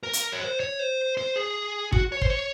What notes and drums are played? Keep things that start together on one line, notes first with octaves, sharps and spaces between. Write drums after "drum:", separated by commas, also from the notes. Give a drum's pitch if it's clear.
A#4
drum: hi-hat
C#5
C5
C#5
C5
C5
G#4
F#4, drum: kick
C#5
C5, drum: kick
C#5